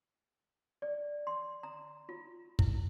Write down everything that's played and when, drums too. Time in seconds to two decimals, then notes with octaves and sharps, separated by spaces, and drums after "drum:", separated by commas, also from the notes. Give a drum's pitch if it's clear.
0.82 D5
1.27 C6
1.63 A#5
2.09 F4
2.59 E4, drum: kick